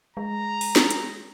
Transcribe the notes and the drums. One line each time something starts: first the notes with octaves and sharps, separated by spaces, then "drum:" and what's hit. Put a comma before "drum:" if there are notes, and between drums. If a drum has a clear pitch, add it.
G#3 A#5
drum: open hi-hat
drum: snare
drum: hi-hat